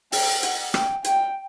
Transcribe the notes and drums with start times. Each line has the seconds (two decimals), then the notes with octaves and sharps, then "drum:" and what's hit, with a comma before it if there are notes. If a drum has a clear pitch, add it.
0.12 G5, drum: open hi-hat
0.43 F#5, drum: hi-hat
0.74 G5, drum: rim click
1.04 G5, drum: hi-hat